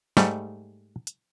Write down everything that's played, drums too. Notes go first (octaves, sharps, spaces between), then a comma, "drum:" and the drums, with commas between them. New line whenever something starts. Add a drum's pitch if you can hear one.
G#2 G3 A3, drum: snare
drum: hi-hat